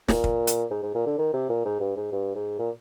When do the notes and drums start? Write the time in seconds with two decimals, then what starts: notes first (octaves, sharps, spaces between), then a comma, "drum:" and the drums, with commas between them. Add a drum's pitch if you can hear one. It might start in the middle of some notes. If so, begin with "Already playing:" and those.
0.08 A#2, drum: snare
0.24 drum: kick
0.47 drum: hi-hat
0.71 G#2
0.83 G#2
0.95 A#2
1.07 D3
1.18 D#3
1.33 C3
1.49 A#2
1.65 G#2
1.80 G2
1.96 G#2
2.12 G2
2.35 G#2
2.59 A#2